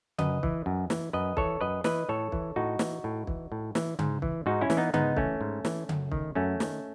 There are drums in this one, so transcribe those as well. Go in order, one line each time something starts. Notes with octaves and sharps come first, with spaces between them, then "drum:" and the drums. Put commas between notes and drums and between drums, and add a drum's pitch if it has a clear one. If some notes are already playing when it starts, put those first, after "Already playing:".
F#2 B4 D#5, drum: tom C#3
E3, drum: kick
F#2
E3, drum: snare
F#2 B4 D#5
E3 A4 C#5, drum: kick
F#2 B4 D#5
E3 B4 D#5, drum: snare
A2 A4 C#5
E3, drum: kick
A2 D#4 F#4
E3, drum: snare
A2
E3, drum: kick
A2
E3, drum: snare
G#2, drum: tom C#3
E3, drum: kick
G#2 D#4 F#4
C#4 E4
E3, drum: snare
B3 D#4
G#2 B3 D#4, drum: tom C#3
E3 A3 C#4, drum: kick
G#2
E3, drum: snare
F#2, drum: tom C#3
D#3, drum: kick
F#2 A3 C#4
D#3, drum: snare